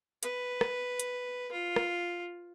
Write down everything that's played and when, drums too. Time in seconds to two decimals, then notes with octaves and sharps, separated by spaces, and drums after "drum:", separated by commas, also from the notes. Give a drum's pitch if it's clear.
0.23 B4, drum: hi-hat
0.61 drum: rim click
1.00 drum: hi-hat
1.52 F4
1.76 drum: rim click